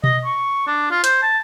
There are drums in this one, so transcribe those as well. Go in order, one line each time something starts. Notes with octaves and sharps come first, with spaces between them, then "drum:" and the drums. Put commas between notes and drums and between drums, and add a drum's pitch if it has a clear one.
D#5, drum: tom B2
C#6
D4
F4
C5, drum: hi-hat
A5